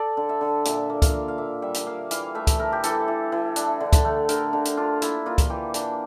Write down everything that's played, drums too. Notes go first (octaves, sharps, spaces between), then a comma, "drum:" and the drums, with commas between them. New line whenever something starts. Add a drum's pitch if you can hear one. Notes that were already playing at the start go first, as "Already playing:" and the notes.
Already playing: A4 D5
D3
E5
D3
A#2 E5, drum: hi-hat
A#3
F5, drum: kick C#2, hi-hat
A#3
F5
A#3 E5
G3 E5
drum: hi-hat
A#3 F5
E3 F5, drum: hi-hat
A3 E5
drum: kick C#2, hi-hat
A3 A#4
G4
E3 A4, drum: hi-hat
E3
E3
D4, drum: hi-hat
D3
drum: kick C#2, hi-hat
A3
D3 A#4, drum: hi-hat
D3
drum: hi-hat
D4 F4
A#3 E4, drum: hi-hat
A#3 F4
drum: kick C#2, hi-hat
E3 G4
D4, drum: hi-hat